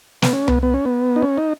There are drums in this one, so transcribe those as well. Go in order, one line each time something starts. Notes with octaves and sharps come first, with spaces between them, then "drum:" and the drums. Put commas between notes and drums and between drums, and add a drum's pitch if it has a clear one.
B3, drum: snare
C#4
B3, drum: tom C2
B3
C#4
B3
D#4
C#4
D#4